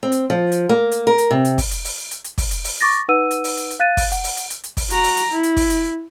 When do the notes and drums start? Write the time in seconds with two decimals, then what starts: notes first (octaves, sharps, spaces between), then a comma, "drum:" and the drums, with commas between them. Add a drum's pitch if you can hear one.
0.03 C4
0.12 drum: hi-hat
0.30 F3
0.52 drum: hi-hat
0.69 A#3
0.91 drum: hi-hat
1.07 A#4
1.18 drum: hi-hat
1.31 C3
1.45 drum: hi-hat
1.58 drum: kick, open hi-hat
1.71 drum: hi-hat
1.84 drum: open hi-hat
2.11 drum: hi-hat
2.24 drum: hi-hat
2.38 drum: kick, open hi-hat
2.51 drum: hi-hat
2.64 drum: open hi-hat
2.81 C#6 D6 A6 A#6
3.08 D#4 B4 F#5 E6 D#7
3.31 drum: hi-hat
3.44 drum: open hi-hat
3.57 drum: hi-hat
3.71 drum: hi-hat
3.80 F5 F#6 A6 D#7
3.97 drum: kick, open hi-hat
4.12 F#5, drum: hi-hat
4.24 drum: open hi-hat
4.37 drum: hi-hat
4.50 drum: hi-hat
4.64 drum: hi-hat
4.77 drum: kick, open hi-hat
4.90 F#4 A#5, drum: hi-hat
5.03 drum: open hi-hat
5.17 drum: hi-hat
5.32 E4
5.43 drum: hi-hat
5.57 drum: kick, open hi-hat
5.70 drum: hi-hat